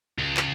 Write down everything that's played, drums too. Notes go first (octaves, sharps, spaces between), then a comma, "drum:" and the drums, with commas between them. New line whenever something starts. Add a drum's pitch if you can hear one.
C#2
drum: clap